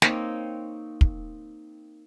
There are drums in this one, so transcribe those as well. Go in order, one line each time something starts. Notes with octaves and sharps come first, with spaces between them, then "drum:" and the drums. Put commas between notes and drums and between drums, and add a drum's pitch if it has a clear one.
A#3 C4 D#4 C#5, drum: snare
drum: kick